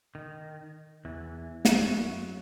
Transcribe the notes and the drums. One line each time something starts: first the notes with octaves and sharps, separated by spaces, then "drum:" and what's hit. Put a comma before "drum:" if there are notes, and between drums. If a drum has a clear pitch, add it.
D#3
E2 E3
F2 F3, drum: snare
E2 E3
F#2 F#3